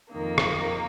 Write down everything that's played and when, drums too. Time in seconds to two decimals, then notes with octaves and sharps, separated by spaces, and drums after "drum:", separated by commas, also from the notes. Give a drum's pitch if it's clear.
0.12 F2 D#3 A#3
0.38 drum: rim click